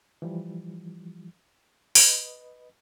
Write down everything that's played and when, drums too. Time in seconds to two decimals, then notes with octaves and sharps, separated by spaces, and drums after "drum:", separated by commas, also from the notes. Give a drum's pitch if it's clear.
0.22 E3 F3 G3
1.95 B4 D#5, drum: open hi-hat